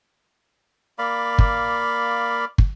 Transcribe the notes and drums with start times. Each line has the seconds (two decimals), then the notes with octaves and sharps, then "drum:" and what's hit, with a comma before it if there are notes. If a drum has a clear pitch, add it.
0.99 A#3 D5 F5 B5
1.38 drum: kick
2.58 drum: kick